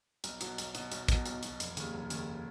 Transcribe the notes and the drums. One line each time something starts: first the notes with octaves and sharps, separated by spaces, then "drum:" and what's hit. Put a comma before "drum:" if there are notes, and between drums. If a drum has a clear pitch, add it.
B1, drum: hi-hat
B2 F#3, drum: hi-hat
B1, drum: hi-hat
B2 F#3, drum: hi-hat
B1, drum: hi-hat
B2 F#3, drum: kick, hi-hat
B1, drum: hi-hat
B2 F#3, drum: hi-hat
F1, drum: hi-hat
D#2 C#3, drum: hi-hat
F1
D#2 C#3, drum: hi-hat